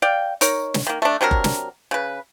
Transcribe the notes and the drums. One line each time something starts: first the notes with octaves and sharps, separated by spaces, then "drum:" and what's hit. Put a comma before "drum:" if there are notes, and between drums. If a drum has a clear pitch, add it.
D5 F5 G5
D#4 A#4 C#5, drum: hi-hat
drum: snare
D#3 A#3
A3 D4
C3 F#3 D4 A#4
drum: kick F#1
drum: snare
C#3 B4